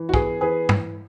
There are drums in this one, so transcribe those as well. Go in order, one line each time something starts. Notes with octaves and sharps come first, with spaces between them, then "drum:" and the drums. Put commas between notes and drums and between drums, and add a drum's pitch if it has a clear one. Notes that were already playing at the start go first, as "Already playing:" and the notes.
Already playing: E3
F#4
B3 G#4, drum: kick
E3 G#4 B4
drum: tom